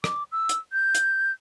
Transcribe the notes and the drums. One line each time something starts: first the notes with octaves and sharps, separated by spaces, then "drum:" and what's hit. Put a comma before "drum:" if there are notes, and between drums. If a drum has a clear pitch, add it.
D6, drum: rim click
E6
drum: hi-hat
G6
drum: hi-hat